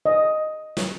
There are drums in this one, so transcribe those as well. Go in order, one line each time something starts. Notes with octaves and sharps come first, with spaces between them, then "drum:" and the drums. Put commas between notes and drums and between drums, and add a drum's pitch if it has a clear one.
D#5
drum: snare